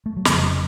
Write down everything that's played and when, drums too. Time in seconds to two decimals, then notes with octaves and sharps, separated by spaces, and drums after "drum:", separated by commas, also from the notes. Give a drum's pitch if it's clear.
0.06 A3
0.17 F#3
0.25 F1 F2 C#3 F3, drum: snare
0.43 F#3